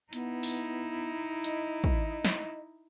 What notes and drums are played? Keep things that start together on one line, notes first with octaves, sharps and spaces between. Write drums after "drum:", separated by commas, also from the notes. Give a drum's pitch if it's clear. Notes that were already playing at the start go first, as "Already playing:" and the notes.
B3 D#4 E4, drum: hi-hat
drum: open hi-hat
D#5, drum: hi-hat
drum: kick
drum: snare